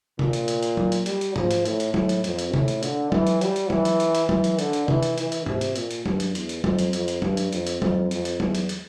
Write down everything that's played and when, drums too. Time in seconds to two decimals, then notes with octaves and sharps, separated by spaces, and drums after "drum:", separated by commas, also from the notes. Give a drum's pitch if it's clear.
0.19 A#2, drum: tom C3
0.33 drum: hi-hat
0.48 drum: hi-hat
0.63 drum: hi-hat
0.77 drum: tom F#3
0.92 drum: hi-hat
1.06 G3, drum: hi-hat
1.21 drum: hi-hat
1.36 F3, drum: tom
1.51 drum: hi-hat
1.65 A2, drum: hi-hat
1.80 drum: hi-hat
1.94 A2, drum: tom F#3
2.09 drum: hi-hat
2.24 F2, drum: hi-hat
2.39 drum: hi-hat
2.54 A2, drum: tom C3
2.68 drum: hi-hat
2.83 D3, drum: hi-hat
3.12 E3, drum: tom F#3
3.27 drum: hi-hat
3.41 G3, drum: hi-hat
3.56 drum: hi-hat
3.70 E3, drum: tom F#3
3.85 drum: hi-hat
4.00 drum: hi-hat
4.15 drum: hi-hat
4.29 E3, drum: tom F#3
4.44 drum: hi-hat
4.59 D3, drum: hi-hat
4.73 drum: hi-hat
4.88 E3, drum: tom C3
5.03 drum: hi-hat
5.18 E3, drum: hi-hat
5.32 drum: hi-hat
5.46 C3, drum: tom
5.61 drum: hi-hat
5.76 A#2, drum: hi-hat
5.91 drum: hi-hat
6.06 G2, drum: tom F#3
6.20 drum: hi-hat
6.35 E2, drum: hi-hat
6.49 drum: hi-hat
6.64 F2, drum: tom F#3
6.79 drum: hi-hat
6.93 F2, drum: hi-hat
7.08 drum: hi-hat
7.22 G2, drum: tom F#3
7.37 drum: hi-hat
7.53 F2, drum: hi-hat
7.67 drum: hi-hat
7.82 F2, drum: tom F#3
8.11 F2, drum: hi-hat
8.25 drum: hi-hat
8.40 E2, drum: tom F#3
8.55 drum: hi-hat
8.69 drum: hi-hat